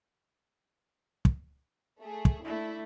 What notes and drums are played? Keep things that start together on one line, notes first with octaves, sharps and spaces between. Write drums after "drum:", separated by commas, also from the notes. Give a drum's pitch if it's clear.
drum: kick
A3 G#4
drum: kick
A3 D4 E4